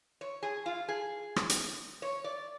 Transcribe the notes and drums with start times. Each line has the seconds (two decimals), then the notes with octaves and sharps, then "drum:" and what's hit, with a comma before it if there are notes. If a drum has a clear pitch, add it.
0.21 C#5
0.43 G#4
0.66 F4
0.88 G#4
1.36 drum: rim click
1.49 drum: hi-hat
2.02 C#5
2.24 D5